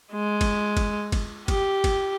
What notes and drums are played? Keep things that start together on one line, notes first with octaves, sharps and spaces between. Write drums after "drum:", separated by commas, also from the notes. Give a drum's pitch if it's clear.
G#3
drum: kick G1, cymbal
drum: kick G1, cymbal
drum: kick G1, cymbal
G4, drum: kick G1, cymbal
drum: kick G1, cymbal